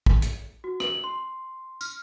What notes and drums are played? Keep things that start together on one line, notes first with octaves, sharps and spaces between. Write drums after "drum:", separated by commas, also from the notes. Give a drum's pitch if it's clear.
drum: kick
drum: hi-hat
F#4
F#7, drum: rim click
C6
F6, drum: tambourine